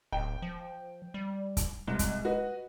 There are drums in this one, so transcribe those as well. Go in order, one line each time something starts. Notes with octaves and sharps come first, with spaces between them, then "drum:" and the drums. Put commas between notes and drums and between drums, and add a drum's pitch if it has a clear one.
D1 G5
F3
G3
drum: kick C#1, hi-hat
C2 G#3
drum: kick C#1, hi-hat
F#4 B4 D#5